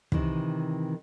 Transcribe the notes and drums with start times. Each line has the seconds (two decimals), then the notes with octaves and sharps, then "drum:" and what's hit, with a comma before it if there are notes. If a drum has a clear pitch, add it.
0.12 C3 D#3 E3, drum: kick